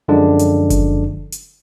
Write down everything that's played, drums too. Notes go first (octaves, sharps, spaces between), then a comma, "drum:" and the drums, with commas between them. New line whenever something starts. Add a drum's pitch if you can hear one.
F#2 D3 F3 G#3 D4
drum: hi-hat
drum: kick F#1, hi-hat
drum: hi-hat